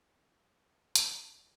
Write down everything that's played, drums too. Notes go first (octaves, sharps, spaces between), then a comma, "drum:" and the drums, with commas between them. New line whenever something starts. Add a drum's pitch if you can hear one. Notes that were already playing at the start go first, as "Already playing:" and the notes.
F3 A3 D#4
E2 C5, drum: hi-hat